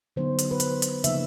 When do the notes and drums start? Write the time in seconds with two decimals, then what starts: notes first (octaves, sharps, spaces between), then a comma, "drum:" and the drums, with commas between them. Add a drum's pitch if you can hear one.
0.16 D3 F#3 B3 D#4 C5
0.39 drum: hi-hat
0.51 B4
0.60 C5, drum: hi-hat
0.82 drum: hi-hat
1.04 C#3 F3 A#3 D#4 E5, drum: hi-hat